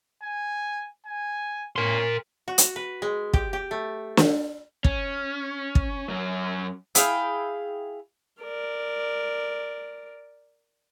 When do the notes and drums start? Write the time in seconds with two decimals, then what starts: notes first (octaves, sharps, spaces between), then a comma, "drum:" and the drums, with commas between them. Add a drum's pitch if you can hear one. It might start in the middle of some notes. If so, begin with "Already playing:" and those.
0.23 G#5
1.06 G#5
1.76 C#4 A#4 C6
2.48 F#4
2.58 drum: hi-hat
2.76 B4
3.02 G#3
3.33 G4, drum: kick
3.53 G4
3.71 A3
4.17 drum: snare
4.84 C#4, drum: kick
5.75 drum: kick
6.09 F#2 C#4
6.95 E4 G#4 F5 G5, drum: hi-hat
8.42 A#4 D5